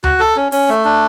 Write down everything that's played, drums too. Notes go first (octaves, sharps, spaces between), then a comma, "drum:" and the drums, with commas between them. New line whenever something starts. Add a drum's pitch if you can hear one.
F#4, drum: tom D2
A4
C#4
C#4, drum: open hi-hat
A3
D4